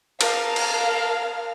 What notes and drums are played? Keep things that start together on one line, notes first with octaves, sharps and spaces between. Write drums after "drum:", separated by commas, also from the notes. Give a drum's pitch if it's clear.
A#4 F5 A5 F6, drum: cymbal
drum: cymbal